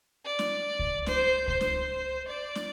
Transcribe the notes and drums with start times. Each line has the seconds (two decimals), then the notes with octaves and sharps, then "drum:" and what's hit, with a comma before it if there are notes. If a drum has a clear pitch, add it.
0.25 D5
0.39 drum: snare
0.79 drum: kick C#2
1.06 C5, drum: snare
1.48 C5, drum: kick C#2
1.61 drum: snare
2.28 D5
2.55 drum: snare